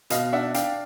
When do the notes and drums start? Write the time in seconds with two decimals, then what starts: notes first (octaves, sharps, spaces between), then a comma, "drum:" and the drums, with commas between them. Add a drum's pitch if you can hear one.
0.10 B2 D#5 F5, drum: hi-hat
0.33 D4 E5 F#5
0.54 D4 F5 G5, drum: hi-hat